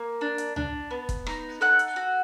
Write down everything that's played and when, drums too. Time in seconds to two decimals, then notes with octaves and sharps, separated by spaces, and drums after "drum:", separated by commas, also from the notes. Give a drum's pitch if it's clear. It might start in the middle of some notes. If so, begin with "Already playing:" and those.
Already playing: A#3
0.21 D4
0.38 drum: hi-hat
0.56 D4, drum: tom C#2
0.91 B3
1.09 drum: kick, hi-hat
1.26 D#4, drum: rim click
1.61 A4 F#5 F#6
1.79 drum: hi-hat
1.96 F#4